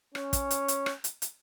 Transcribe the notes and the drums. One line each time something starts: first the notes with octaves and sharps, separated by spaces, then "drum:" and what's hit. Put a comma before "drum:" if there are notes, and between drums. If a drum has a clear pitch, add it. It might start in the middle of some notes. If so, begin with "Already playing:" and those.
C#4, drum: rim click
drum: kick, hi-hat
drum: hi-hat
drum: hi-hat
drum: rim click
drum: hi-hat
drum: hi-hat